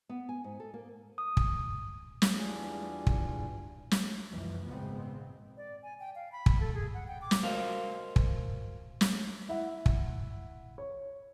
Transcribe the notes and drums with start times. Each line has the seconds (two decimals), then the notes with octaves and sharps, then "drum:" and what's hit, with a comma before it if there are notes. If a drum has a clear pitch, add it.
0.09 B3
0.29 G#5
0.44 G#2
0.60 A4
0.74 A#3
1.18 D#6
1.37 drum: kick
2.22 drum: snare
2.35 E2 G3 D4 F4 G#4
3.07 drum: kick
3.91 drum: snare
4.31 F1 C#2 F#2 E3 F3
4.67 G#1 A#2 C#3 G#3 B3 C4
5.57 D5
5.83 G#5
6.00 G5
6.15 F5
6.32 B5
6.46 drum: kick
6.61 A4
6.74 G#4
6.94 F#5
7.07 G5
7.22 D6
7.31 drum: snare
7.43 F#4 A#4 C5 D#5 F5
8.16 drum: kick
9.01 drum: snare
9.49 E4 E5 F#5
9.86 drum: kick
10.78 C#5